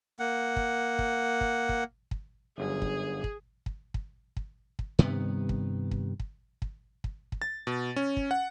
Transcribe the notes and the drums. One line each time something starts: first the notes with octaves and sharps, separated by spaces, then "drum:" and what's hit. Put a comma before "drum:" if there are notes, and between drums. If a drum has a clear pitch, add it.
A#3 F#5
drum: kick
drum: kick
drum: kick
drum: kick
drum: kick
G1 F#2 G#4
drum: kick
drum: kick
drum: kick
drum: kick
drum: kick
drum: kick
G2 C3 D#3 B3
drum: kick
drum: kick
drum: kick
drum: kick
drum: kick
drum: kick
A6
B2
C#4
drum: kick
F#5